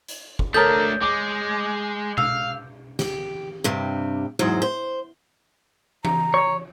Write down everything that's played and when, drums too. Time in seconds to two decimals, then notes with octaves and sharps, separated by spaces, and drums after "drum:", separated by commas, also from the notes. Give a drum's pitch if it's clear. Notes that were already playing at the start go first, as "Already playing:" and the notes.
0.08 drum: hi-hat
0.39 drum: kick
0.54 A3 D4 A4 A#4 C#5 D#6 G6 A6
1.01 G#3 D6
2.18 F5 E6, drum: tom B2
2.99 G4, drum: snare
3.64 G2 C3 G3
4.39 E2 G#2 F#3 C5
4.62 C5
6.05 A#5, drum: tom E3
6.34 C#5